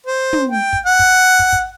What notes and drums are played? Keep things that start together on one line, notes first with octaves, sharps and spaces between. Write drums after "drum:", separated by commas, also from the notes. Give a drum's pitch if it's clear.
C5
drum: tom
G5
drum: kick
F#5
drum: kick
drum: kick
drum: kick